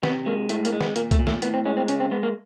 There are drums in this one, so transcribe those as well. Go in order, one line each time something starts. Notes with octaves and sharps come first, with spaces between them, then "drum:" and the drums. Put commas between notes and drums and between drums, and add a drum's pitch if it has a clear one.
C3 B3, drum: snare
G#3 A#3
A2 A3, drum: hi-hat
A#3, drum: hi-hat
G#3
B3, drum: snare
A#2 A#3, drum: hi-hat
A3, drum: kick C2, hi-hat
A#2
A3, drum: snare
A2 B3, drum: hi-hat
C4
G#3 C#4
C4
C#3 C#4, drum: hi-hat
C4
G#3 B3
A#3